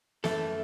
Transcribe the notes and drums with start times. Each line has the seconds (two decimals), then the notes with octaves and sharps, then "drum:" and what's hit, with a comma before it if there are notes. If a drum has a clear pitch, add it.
0.24 F#2 E3 A3 A4, drum: snare